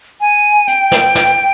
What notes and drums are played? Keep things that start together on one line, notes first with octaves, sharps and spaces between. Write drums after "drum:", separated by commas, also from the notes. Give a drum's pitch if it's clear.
G#5
G5, drum: hi-hat
drum: snare
drum: snare